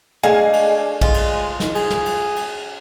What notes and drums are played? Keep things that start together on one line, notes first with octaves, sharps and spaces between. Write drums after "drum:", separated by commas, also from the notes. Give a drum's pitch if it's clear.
G#3 A3 D4 F5 G#5
drum: cymbal
G#3 F4, drum: kick A#1
drum: cymbal
drum: snare
G#4, drum: cymbal
drum: snare
drum: cymbal
drum: cymbal